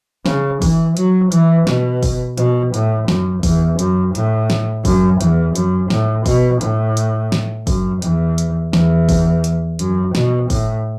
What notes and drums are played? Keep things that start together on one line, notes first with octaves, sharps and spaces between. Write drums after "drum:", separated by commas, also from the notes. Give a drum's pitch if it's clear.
C#3, drum: snare
E3, drum: kick, open hi-hat
F#3, drum: hi-hat
E3, drum: hi-hat
B2, drum: snare
drum: kick, open hi-hat
B2, drum: hi-hat
A2, drum: hi-hat
F#2, drum: snare
E2, drum: kick, open hi-hat
F#2, drum: hi-hat
A2, drum: hi-hat
drum: snare
F#2, drum: kick, open hi-hat
E2, drum: hi-hat
F#2, drum: hi-hat
A2, drum: snare
B2, drum: kick, open hi-hat
A2, drum: hi-hat
drum: hi-hat
drum: snare
F#2, drum: kick, open hi-hat
E2, drum: hi-hat
drum: hi-hat
E2, drum: snare
drum: kick, open hi-hat
drum: hi-hat
F#2, drum: hi-hat
B2, drum: snare
A2, drum: kick, open hi-hat